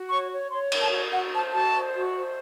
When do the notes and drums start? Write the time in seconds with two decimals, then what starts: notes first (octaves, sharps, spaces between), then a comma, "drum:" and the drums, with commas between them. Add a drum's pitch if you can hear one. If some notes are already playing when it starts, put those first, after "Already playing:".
Already playing: F#4
0.10 C#5 C#6
0.31 C#5
0.51 C#5 C6
0.72 A#4, drum: cymbal
0.81 A5
0.92 F#4
1.12 F#4 F#5
1.32 C5 A5
1.52 F#4 A5
1.73 C5
1.93 F#4
2.14 C5